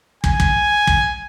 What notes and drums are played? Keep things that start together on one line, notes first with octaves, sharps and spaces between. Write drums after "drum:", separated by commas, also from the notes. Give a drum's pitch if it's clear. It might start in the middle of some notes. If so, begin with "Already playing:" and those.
G#5, drum: kick
drum: kick
drum: kick